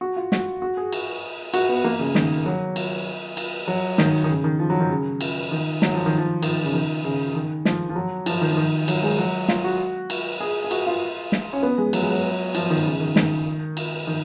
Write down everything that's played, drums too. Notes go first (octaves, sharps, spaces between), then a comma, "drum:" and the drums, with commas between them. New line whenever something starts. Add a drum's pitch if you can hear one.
F#4
F4
F#4, drum: snare
F#4
G#4
drum: cymbal
F#4, drum: cymbal
B3
A#3
C#3
D#3, drum: snare
F#3
drum: cymbal
drum: cymbal
F#3
D#3, drum: snare
D#3
C#3
D#3
F3
F#3
D#3
C#3
drum: cymbal
D#3
F#3, drum: snare
F3
D#3
F3
D#3, drum: cymbal
C#3
D#3
C#3
D#3
F3, drum: snare
F3
F#3
F3, drum: cymbal
D#3
F3
D#3
F#3, drum: cymbal
G#3
F#3
F4, drum: snare
F#4
drum: cymbal
G#4
G#4
F#4, drum: cymbal
F4
drum: snare
C#4
B3
G#3
F#3, drum: cymbal
G#3
F#3
F3, drum: cymbal
D#3
C#3
D#3
D#3, drum: snare
drum: cymbal
D#3